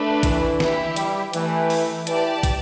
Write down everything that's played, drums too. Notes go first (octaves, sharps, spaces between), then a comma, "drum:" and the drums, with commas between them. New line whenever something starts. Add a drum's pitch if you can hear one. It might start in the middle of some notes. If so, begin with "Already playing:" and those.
Already playing: A3 D4 B4
E3, drum: kick, hi-hat
E4 G4 E5, drum: snare
G3, drum: hi-hat
E3 A3 E4 G4, drum: hi-hat
drum: open hi-hat
E3 G4 D5 A5, drum: hi-hat
drum: kick, hi-hat